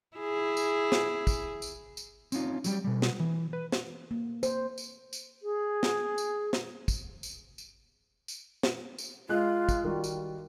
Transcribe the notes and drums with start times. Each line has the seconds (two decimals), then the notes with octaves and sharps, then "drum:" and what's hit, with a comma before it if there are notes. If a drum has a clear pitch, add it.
0.17 E4 G#4
0.57 drum: tambourine
0.92 drum: snare
1.27 drum: kick, tambourine
1.62 drum: tambourine
1.97 drum: tambourine
2.32 C4 C#4 D#4 F4, drum: tambourine
2.64 F#3 G3 G4, drum: tambourine
2.84 B2 G3
3.02 drum: snare
3.20 E3
3.53 B4
3.72 drum: snare
4.11 A#3
4.43 C5, drum: tambourine
4.78 drum: tambourine
5.13 drum: tambourine
5.42 G#4
5.83 drum: snare
6.18 drum: tambourine
6.53 drum: snare
6.88 drum: kick, tambourine
7.23 drum: tambourine
7.58 drum: tambourine
8.28 drum: tambourine
8.63 drum: snare
8.98 drum: tambourine
9.29 G#3 F4 F#6
9.69 drum: kick, tambourine
9.84 D#3 G3 F#4
10.04 drum: tambourine